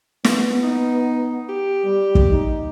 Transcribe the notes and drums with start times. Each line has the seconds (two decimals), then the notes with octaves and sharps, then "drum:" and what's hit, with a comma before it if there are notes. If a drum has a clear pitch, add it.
0.24 B3, drum: snare
0.63 D#4
1.49 G4
1.84 G3
2.15 drum: kick
2.30 D#4